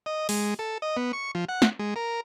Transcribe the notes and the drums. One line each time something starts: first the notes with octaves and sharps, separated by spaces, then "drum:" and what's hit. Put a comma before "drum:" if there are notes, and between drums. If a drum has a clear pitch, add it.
D#5
G#3, drum: open hi-hat
A4
D#5
B3
C#6
F3
F#5
drum: snare
G#3
A#4